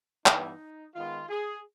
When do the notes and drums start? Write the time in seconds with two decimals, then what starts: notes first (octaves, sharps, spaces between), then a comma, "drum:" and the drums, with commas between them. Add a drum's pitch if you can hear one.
0.26 G2 E3 G3 B3 D#4, drum: clap
0.94 D#3 G#3 B3 F4
1.29 G#4